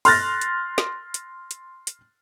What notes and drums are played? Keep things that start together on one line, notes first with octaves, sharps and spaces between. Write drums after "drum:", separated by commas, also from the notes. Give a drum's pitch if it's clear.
C6 F6 F#6 A6 A#6, drum: open hi-hat
drum: hi-hat
drum: snare
drum: hi-hat
drum: hi-hat
drum: hi-hat